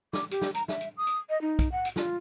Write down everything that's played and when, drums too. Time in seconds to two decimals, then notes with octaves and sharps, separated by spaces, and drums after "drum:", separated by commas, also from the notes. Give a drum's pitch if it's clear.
0.13 D6, drum: snare
0.31 G4, drum: hi-hat
0.41 drum: snare
0.54 A#5, drum: hi-hat
0.68 E5, drum: snare
0.81 drum: hi-hat
0.97 D#6
1.07 drum: hi-hat
1.30 D#5
1.41 D#4
1.59 drum: kick B1, hi-hat
1.72 F#5
1.85 drum: hi-hat
1.96 F4, drum: snare